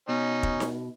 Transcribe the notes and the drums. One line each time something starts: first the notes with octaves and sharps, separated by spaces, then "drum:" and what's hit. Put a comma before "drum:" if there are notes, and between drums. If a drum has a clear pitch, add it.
B2 C#4 D#4
drum: kick
drum: snare D#4